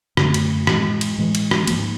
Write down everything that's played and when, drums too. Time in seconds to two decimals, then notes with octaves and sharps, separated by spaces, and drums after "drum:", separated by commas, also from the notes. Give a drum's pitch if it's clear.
0.17 F#2 D3 F#3 A3, drum: rim click
0.34 drum: cymbal
0.67 A2 E3 G#3, drum: rim click
1.01 drum: cymbal
1.18 A2 E3 G#3
1.35 drum: cymbal
1.51 drum: rim click
1.67 G#2 F3 A#3, drum: cymbal